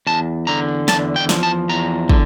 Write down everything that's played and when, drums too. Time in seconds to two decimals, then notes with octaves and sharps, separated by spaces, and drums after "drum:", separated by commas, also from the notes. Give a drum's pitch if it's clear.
0.07 E2 A5
0.47 D3 A#5
0.88 E2 A5, drum: snare
1.16 G5
1.29 F3, drum: snare
1.43 A5
1.69 E2 A#5
2.09 D3, drum: kick